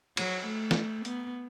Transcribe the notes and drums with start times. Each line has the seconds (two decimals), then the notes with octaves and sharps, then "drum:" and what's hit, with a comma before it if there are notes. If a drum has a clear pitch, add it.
0.17 F#3, drum: cymbal
0.46 A3
0.71 drum: snare
1.05 B3, drum: hi-hat